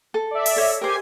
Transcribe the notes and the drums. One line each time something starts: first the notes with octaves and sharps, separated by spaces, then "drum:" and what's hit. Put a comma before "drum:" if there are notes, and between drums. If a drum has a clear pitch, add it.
A4
D5 E5
drum: open hi-hat
A4 C#5 D#5
G4 A#4 C5 G#5